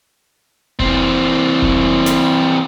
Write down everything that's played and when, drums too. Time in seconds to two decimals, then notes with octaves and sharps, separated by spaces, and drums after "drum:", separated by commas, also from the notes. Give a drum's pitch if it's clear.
0.79 E3 C4, drum: kick F1
1.62 drum: kick F1
2.06 drum: snare